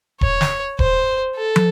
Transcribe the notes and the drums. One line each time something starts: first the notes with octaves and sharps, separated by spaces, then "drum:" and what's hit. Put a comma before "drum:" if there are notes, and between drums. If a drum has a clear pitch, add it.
C#5, drum: kick D#1
drum: snare
C5, drum: kick D#1
A4
drum: tom